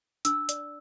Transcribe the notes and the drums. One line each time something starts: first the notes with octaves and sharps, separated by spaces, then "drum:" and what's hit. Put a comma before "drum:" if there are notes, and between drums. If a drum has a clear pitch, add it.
D4 E6, drum: hi-hat
D5, drum: hi-hat